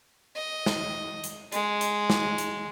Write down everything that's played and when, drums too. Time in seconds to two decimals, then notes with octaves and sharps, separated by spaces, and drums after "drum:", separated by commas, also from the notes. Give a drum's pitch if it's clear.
0.36 D#5
0.66 drum: snare
1.24 drum: hi-hat
1.52 G#3, drum: hi-hat
1.81 drum: hi-hat
2.10 drum: snare
2.38 drum: hi-hat